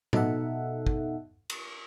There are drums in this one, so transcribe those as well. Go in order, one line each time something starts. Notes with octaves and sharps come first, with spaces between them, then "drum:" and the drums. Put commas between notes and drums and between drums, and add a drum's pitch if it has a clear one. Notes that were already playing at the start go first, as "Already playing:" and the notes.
B2 D#4 A4 E5 F#5, drum: tom A2
drum: kick
drum: cymbal